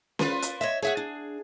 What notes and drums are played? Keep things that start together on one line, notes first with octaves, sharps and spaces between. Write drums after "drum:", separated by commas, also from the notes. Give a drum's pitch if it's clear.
A#3 F4 B4, drum: snare C#4
drum: hi-hat
C#5 D#5 E5
G#4 C#5 E5 F#5
D4